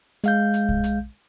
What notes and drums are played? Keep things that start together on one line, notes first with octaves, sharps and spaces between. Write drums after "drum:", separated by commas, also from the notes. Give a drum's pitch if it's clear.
G#3 F5 G6, drum: hi-hat
drum: hi-hat
drum: kick
drum: hi-hat